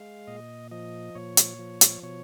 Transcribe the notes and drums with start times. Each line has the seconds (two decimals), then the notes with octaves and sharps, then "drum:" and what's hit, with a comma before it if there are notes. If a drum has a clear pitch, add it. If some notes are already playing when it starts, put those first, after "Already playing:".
Already playing: G#3 F5
0.27 A#2 D#5
0.71 F3 D#5
1.15 A#2 C#5
1.37 drum: hi-hat
1.59 F3
1.81 drum: hi-hat
2.03 B2 C#5